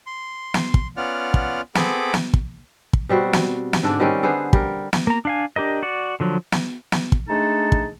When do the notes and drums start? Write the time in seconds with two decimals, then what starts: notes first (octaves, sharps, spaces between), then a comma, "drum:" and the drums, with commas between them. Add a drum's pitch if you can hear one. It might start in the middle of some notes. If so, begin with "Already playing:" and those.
0.06 C6
0.54 drum: snare
0.74 drum: kick
0.97 B3 C#4 F4 D5 F#5 F6
1.34 drum: kick
1.75 B3 C4 G#4 A4 B5 D6, drum: snare
2.14 drum: snare
2.34 drum: kick
2.93 drum: kick
3.09 B2 G3 C4 F#4
3.33 drum: snare
3.73 drum: snare
3.83 G#2 D3 D4
4.00 D#3 G3 C4 C#4
4.23 D3 B3 G#4 C5
4.53 G3 A#4, drum: kick
4.93 drum: snare
5.07 A#3 A#5
5.25 D4 F5 G#5
5.56 D4 G4 A#4 D#5
5.83 F#4 D5
6.20 D3 F3 F#3
6.52 drum: snare
6.92 drum: snare
7.12 drum: kick
7.29 G#3 A3 D4 D#4 A4
7.72 drum: kick